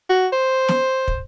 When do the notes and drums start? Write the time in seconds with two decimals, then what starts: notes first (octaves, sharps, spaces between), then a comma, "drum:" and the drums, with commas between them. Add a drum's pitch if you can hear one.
0.10 F#4
0.33 C5
0.68 drum: snare
1.08 drum: kick